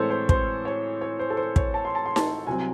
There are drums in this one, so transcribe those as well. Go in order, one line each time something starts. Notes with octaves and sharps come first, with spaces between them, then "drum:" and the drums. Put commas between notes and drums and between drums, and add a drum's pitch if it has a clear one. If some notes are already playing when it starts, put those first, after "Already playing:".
Already playing: A2 E3 G#3 C4 A4 C5 C#5
C5
C5, drum: kick
C#5
C#5
C5
A4
C5
C#5, drum: kick
A5
C6
A5
C6
A5, drum: snare D#4
C2 C3 F#3 C4 G#5